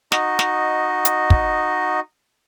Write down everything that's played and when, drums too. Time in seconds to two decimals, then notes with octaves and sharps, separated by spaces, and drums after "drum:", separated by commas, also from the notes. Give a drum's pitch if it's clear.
0.12 D#4 F#4 D#5, drum: snare
0.39 drum: snare
1.05 drum: hi-hat
1.30 drum: kick